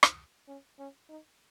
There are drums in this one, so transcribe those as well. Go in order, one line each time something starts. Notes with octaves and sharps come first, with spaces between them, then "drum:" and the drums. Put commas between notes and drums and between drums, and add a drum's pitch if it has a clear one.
drum: rim click
C#4
C#4
D#4